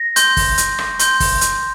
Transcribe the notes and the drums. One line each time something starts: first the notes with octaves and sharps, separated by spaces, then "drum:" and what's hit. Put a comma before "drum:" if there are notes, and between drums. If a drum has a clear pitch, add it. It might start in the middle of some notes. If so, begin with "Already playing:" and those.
Already playing: A#6
C6 G6, drum: hi-hat
drum: kick, open hi-hat
drum: hi-hat
drum: rim click
C6 G6, drum: hi-hat
drum: kick, open hi-hat
drum: hi-hat